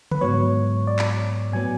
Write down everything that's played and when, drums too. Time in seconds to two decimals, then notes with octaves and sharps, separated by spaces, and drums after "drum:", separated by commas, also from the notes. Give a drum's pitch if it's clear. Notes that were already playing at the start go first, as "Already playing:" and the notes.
0.11 B4, drum: tom C#3
0.21 G#2 F#3 B3 C#5
0.87 D5
0.99 drum: clap
1.52 A2 F#3 B3 G#5